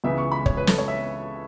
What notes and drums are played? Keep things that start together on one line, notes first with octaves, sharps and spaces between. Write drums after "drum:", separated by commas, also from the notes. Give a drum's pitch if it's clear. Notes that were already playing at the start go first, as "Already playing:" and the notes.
C#2 C#3 E3 B3 E5
C#6
B5
C#5, drum: kick
B4
A4, drum: snare
C#5
E5